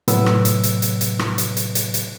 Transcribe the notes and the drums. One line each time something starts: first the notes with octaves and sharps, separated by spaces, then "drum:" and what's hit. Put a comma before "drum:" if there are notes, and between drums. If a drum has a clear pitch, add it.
A2 C3 F#3 B3 B4 E6, drum: hi-hat
drum: rim click
drum: hi-hat
drum: hi-hat
drum: hi-hat
drum: hi-hat
drum: rim click
drum: hi-hat
drum: hi-hat
drum: hi-hat
drum: hi-hat